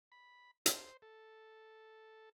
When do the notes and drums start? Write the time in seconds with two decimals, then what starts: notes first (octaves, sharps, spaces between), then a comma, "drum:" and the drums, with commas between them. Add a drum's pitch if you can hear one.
0.12 B5
0.66 C5, drum: hi-hat
1.02 A4